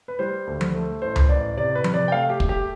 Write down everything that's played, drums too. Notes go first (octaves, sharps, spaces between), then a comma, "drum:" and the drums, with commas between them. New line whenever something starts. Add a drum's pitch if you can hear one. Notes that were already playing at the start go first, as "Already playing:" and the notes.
B4
G3 C5
D2
drum: tom F3
A3
A1 C5
drum: tom C#2
A1 D5
C3 D5
B4
C3, drum: tom F3
D5
G5
A3 F5
G4
A3, drum: kick
G4